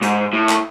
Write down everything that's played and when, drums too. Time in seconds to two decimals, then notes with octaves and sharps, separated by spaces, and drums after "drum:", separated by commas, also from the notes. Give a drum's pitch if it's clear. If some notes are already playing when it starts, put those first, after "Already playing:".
0.02 G#2, drum: hi-hat
0.33 A2
0.49 drum: clap